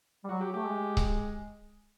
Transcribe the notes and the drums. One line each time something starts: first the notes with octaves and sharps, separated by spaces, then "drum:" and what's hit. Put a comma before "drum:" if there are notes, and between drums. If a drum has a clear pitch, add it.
G3
F#3 F#4
G4
A3 G4
G#3
drum: kick C#1